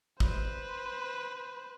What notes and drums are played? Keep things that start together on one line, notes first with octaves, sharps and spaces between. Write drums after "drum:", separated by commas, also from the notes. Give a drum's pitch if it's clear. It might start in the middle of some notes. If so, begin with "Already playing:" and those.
B4 C5, drum: kick